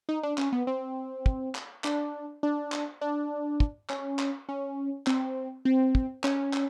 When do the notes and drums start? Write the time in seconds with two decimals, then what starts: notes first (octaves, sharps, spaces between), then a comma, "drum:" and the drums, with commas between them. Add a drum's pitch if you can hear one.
0.09 D#4
0.23 D4
0.38 C#4, drum: clap
0.52 B3
0.67 C4
1.26 drum: kick
1.55 drum: clap
1.84 D4, drum: clap
2.43 D4
2.72 drum: clap
3.01 D4
3.60 drum: kick
3.90 C#4, drum: clap
4.19 drum: clap
4.49 C#4
5.07 C4, drum: clap
5.65 C4
5.95 drum: kick
6.24 C#4, drum: clap
6.53 drum: clap